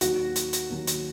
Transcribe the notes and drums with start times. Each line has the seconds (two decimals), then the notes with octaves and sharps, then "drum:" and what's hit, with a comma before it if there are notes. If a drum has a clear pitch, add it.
0.01 D#2 D#3 F#3 F#4, drum: hi-hat
0.36 drum: hi-hat
0.53 drum: hi-hat
0.70 D#2 D#3 F#3
0.87 drum: hi-hat